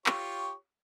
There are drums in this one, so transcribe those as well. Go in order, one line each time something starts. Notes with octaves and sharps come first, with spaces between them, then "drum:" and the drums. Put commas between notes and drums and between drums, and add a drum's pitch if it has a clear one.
F4 G4 C#5, drum: clap